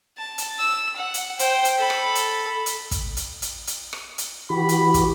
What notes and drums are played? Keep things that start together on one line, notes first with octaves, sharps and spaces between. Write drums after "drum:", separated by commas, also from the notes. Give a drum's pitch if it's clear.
A5
drum: hi-hat
E6
F#5
drum: hi-hat
C5 G5, drum: hi-hat
drum: hi-hat
A4 B5
drum: rim click
drum: hi-hat
drum: hi-hat
drum: kick, hi-hat
drum: hi-hat
drum: hi-hat
drum: hi-hat
drum: rim click
drum: hi-hat
E3 F#4 G4 B5
drum: hi-hat
drum: kick, hi-hat